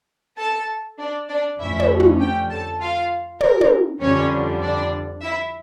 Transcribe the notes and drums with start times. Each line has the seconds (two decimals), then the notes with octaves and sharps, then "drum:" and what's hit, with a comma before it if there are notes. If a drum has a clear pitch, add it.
0.38 A4 A5
0.99 D4 D5
1.29 D4 D5
1.59 F2 D3 A3 C#4 E4 E5
1.80 drum: tom
2.00 drum: tom
2.20 G4 G5
2.50 A4 A5
2.80 F4 F5
3.41 A#4, drum: tom
3.61 drum: tom
4.01 F2 D3 G3 C#4 C#5
4.62 D4 D5
5.22 E4 E5